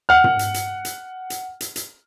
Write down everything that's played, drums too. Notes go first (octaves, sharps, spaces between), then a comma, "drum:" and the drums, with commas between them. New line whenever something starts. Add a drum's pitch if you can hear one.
F#5 F6
drum: tom
drum: hi-hat
drum: hi-hat
drum: hi-hat
drum: hi-hat
drum: hi-hat
drum: hi-hat